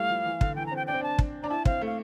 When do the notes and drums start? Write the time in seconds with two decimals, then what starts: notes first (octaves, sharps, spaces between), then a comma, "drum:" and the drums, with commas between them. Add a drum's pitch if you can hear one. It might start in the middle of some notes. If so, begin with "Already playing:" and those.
Already playing: G3 A3 E4 F5
0.10 F3
0.25 E3
0.41 D3, drum: kick
0.55 E3 G5
0.66 A#5
0.72 C4 G5
0.87 D4 G5
0.94 C4
1.01 D4 A5
1.19 drum: kick
1.43 D4 A#5
1.49 E4 A5
1.65 C4 F5, drum: kick
1.81 A3 F5